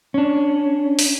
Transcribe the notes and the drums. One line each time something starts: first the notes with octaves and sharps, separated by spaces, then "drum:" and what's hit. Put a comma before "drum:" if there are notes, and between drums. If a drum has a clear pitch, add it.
C#4 D4
drum: open hi-hat